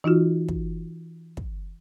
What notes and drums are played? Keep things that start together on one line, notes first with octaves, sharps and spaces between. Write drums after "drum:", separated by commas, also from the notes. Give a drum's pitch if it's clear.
E3 D#4 F4 F#4
drum: kick
drum: kick